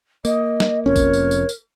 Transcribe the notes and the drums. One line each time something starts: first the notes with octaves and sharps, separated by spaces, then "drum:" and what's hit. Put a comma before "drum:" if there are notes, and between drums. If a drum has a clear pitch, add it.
A#3 D#5, drum: tambourine
drum: snare
F1 F2 C#4 A#4 C#5
drum: kick A1, tambourine
drum: tambourine
drum: tambourine
drum: tambourine